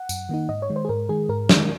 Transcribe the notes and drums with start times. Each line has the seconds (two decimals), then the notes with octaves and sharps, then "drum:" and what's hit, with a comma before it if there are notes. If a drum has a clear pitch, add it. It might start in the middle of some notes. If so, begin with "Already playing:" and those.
Already playing: F#5
0.09 F#2, drum: tambourine
0.29 D#3 A#3 D#4
0.49 G#2 D#5
0.62 C#5
0.70 D#3 G#3
0.76 C5
0.85 G#4
0.89 G#2 A#4
1.09 D#3 G#3 G#4
1.29 G#2 A#4
1.49 D#3 G#3, drum: snare